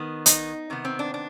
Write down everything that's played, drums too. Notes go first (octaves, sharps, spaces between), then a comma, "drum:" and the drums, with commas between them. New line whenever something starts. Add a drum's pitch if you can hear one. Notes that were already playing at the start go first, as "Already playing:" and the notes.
Already playing: D#3 B3
D#4, drum: hi-hat
C3 D#3 B3
C4
D4
D4